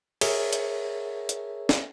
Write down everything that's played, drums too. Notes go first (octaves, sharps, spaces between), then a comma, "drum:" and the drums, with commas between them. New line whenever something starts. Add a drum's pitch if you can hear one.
G#4 A#4 C#5 E5, drum: cymbal
drum: hi-hat
drum: hi-hat
drum: snare